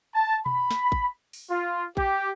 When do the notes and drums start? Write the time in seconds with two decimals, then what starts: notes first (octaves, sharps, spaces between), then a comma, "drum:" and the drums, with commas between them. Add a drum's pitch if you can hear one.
0.15 A5
0.46 B5, drum: tom B2
0.71 drum: snare
0.92 drum: kick
1.33 drum: open hi-hat
1.50 F4
1.97 G4, drum: kick